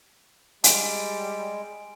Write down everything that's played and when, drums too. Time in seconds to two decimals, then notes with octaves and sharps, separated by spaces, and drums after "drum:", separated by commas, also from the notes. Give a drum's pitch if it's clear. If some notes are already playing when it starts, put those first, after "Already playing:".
0.64 G3 G#3 G#5 D7, drum: hi-hat